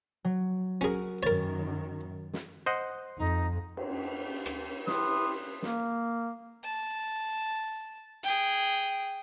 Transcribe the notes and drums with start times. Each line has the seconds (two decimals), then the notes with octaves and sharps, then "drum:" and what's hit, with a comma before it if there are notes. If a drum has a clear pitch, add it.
0.25 F#3
0.81 C#4 F#4 G#4 A#4
1.23 F#2 D#3 A#4 C#5 A6
2.33 drum: snare
2.66 C5 D#5 F#5
3.18 F2 D#4
3.77 drum: cymbal
4.46 drum: rim click
4.87 E4 G4 B4 C6 D#6, drum: snare
5.62 A#3, drum: snare
6.64 A5
8.23 G#4 G5, drum: hi-hat